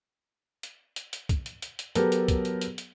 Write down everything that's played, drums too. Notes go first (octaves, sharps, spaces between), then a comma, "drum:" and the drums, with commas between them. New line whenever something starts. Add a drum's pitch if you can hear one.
drum: hi-hat
drum: hi-hat
drum: hi-hat
drum: kick, hi-hat
drum: hi-hat
drum: hi-hat
drum: hi-hat
F#3 B3 G4 A4 A#4, drum: hi-hat
drum: hi-hat
drum: kick, hi-hat
drum: hi-hat
drum: hi-hat
drum: hi-hat